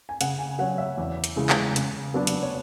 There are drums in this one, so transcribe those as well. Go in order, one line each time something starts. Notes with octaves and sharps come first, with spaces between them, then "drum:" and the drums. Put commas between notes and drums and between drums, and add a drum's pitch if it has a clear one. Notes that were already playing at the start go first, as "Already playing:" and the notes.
G#5
C#3 F#5, drum: hi-hat
G#5
F#3 C#4 F#5
E5
E2
drum: hi-hat
C#3 E3 G#3
drum: clap
C#3, drum: hi-hat
F#3 B3 D4
drum: hi-hat
C#5